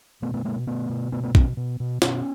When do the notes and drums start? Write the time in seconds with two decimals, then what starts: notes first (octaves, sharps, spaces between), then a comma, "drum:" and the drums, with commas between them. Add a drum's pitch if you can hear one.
0.22 B2 A3 B3
0.34 A3 B3
0.44 B2 G#3 A#3
0.67 B2 A3 B3
0.89 B2
1.12 B2 A3 B3
1.23 A3 B3
1.35 B2 B3 C#4, drum: kick A#1
1.57 B2
1.80 B2
2.02 B2 B3 C#4, drum: snare